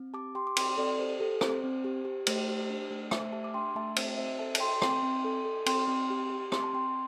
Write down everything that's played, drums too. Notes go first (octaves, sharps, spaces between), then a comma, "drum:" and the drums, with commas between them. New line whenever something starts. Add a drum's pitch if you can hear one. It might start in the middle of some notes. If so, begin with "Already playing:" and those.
Already playing: C4
G4 A5 D6
G4 G5 C6
D6
C4 G5 C6, drum: cymbal
C4 A4 D5
G4 C5
G4 A4
C4 C5, drum: rim click
C4
G4
G4
A3 C5, drum: cymbal
G4
D4
A3
A3 C5 E5, drum: rim click
G4 E5 A5
D6
D4 G5 C6
A3 E5 A5
C4 C5 E5, drum: cymbal
C4 C5 E5
A4 E5 A5
A5, drum: cymbal
A4 G5 C6
C4 G5 C6, drum: rim click
C4
A4
A4
C4 G5 C6, drum: cymbal
C4
G4
G4
C4 C6, drum: rim click
A5
C4 G5 C6